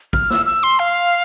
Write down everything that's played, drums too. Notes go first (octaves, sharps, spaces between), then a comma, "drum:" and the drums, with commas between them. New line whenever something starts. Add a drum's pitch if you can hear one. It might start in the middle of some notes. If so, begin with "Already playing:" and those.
F6, drum: kick
E6, drum: snare
E6
C6
F5